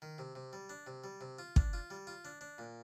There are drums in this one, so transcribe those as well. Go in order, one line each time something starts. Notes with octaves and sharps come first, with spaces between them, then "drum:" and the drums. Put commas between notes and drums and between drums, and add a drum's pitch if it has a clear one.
D#3
C3
C3
G3
D4
C3
G3
C3
F4
D4, drum: kick
F4
G3
F4
D4
D4
A#2